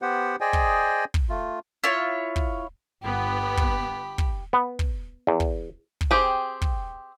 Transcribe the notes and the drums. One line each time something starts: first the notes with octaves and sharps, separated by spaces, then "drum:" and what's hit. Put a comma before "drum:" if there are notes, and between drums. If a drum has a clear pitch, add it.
B3 G4 C5 F#5
G#4 C5 D5 D#5 G5 G#5
drum: kick
drum: kick
A3 F4
E4 F4 C#5
drum: kick
G1 B3 G4 B5
drum: kick
drum: kick
B3
drum: kick
E2
drum: kick
drum: kick
C4 G4 G#4
drum: kick